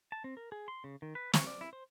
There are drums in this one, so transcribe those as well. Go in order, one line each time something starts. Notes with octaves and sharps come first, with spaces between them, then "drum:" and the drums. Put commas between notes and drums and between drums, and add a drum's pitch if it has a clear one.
A5
C4
A#4
G#4
C6
C#3
D#3
B4
C#6, drum: snare
D5
E4
C5